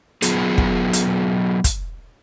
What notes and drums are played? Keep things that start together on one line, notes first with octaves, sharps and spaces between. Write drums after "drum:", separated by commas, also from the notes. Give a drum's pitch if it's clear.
F#3 B3 F4 G#4, drum: hi-hat
drum: kick
drum: hi-hat
drum: kick, hi-hat